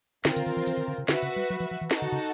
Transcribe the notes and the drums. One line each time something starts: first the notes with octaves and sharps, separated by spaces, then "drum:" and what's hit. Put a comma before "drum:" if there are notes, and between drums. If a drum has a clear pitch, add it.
D3 C4 F4 A#4, drum: snare
D3, drum: hi-hat
D#3
E3
E3, drum: hi-hat
D#3
D3
C#3
D3 F#4 B4 E5, drum: snare
C#3, drum: hi-hat
G3
F#3
F3
F3
E3
D#4 F#4 A4, drum: snare
D3
C#3